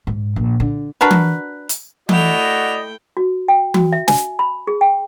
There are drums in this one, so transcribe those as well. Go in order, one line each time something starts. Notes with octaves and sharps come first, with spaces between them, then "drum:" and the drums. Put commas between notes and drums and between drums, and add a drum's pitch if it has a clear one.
G#2
A#1
D3
D4 F#4 A#4 B4
drum: tom E3
drum: hi-hat
A3 E4 F#4 D5 D#5 G5 F7, drum: tom E3
F#4
G5
F#4, drum: tom E3
E5
G#5, drum: snare
B5
G#4
G5